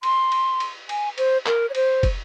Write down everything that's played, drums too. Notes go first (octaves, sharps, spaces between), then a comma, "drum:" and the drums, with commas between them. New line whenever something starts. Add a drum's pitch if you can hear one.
C6, drum: cymbal
drum: cymbal
drum: cymbal
G#5, drum: cymbal
C5, drum: cymbal
A#4, drum: clap
C#5
C5, drum: cymbal
drum: kick, cymbal